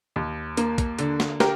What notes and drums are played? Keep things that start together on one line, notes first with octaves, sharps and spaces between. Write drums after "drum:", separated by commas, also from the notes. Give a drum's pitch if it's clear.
D#2
A#3, drum: hi-hat
drum: kick, hi-hat
D3, drum: hi-hat
drum: snare
G4 A#4, drum: snare